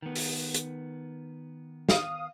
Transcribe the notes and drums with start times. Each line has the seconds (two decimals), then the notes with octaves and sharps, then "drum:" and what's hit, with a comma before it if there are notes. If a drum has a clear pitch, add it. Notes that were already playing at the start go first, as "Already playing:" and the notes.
0.02 D#3 B3
0.15 drum: open hi-hat
0.54 drum: hi-hat
1.89 F5 D#6, drum: snare